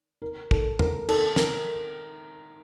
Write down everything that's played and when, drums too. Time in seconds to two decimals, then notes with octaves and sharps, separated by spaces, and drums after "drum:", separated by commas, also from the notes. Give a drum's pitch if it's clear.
0.22 A#4
0.51 A4, drum: kick
0.79 A#4, drum: tom
1.09 A4, drum: cymbal
1.36 A#4, drum: snare